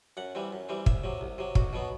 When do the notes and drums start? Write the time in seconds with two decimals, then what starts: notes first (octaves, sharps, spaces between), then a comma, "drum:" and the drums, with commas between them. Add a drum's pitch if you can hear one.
0.17 F#2 F#5
0.35 E3 G3 C4
0.52 F#2
0.69 E3 G3 C4
0.86 C2 E5, drum: kick
1.03 C3 F#3
1.21 C2
1.38 C3 F#3
1.55 B1 F#4, drum: kick
1.73 B2 F#3 B3